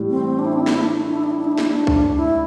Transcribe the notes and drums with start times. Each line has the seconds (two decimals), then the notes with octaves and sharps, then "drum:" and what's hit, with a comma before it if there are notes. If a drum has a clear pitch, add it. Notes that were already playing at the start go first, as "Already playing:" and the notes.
Already playing: A2 E3 G3
0.10 C4
0.39 D4
0.45 E4
0.53 D4
0.60 E4
0.67 D4, drum: snare
0.74 E4
0.81 D4
0.88 E4
0.95 D4
1.02 E4
1.09 D4
1.17 E4
1.23 D4
1.30 E4
1.38 D4
1.44 E4
1.51 D4
1.58 E4, drum: snare
1.66 D4
1.87 drum: kick C2
2.17 E4